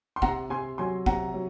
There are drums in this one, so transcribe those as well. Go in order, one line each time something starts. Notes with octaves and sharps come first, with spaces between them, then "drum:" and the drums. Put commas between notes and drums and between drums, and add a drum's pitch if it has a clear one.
C6
C3 F#5 A#5, drum: kick
C3 G#5 C6
F#3 G#5 C6
C3 F#5 A#5, drum: kick
F#3